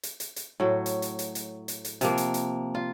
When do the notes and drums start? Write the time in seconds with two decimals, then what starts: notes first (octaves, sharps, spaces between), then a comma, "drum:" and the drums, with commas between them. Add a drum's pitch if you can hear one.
0.03 drum: hi-hat
0.20 drum: hi-hat
0.36 drum: hi-hat
0.60 A2 F#3
0.86 drum: hi-hat
1.02 drum: hi-hat
1.19 drum: hi-hat
1.35 drum: hi-hat
1.68 drum: hi-hat
1.85 drum: hi-hat
2.01 C3 F3 A#3, drum: hi-hat
2.18 drum: hi-hat
2.34 drum: hi-hat
2.75 F4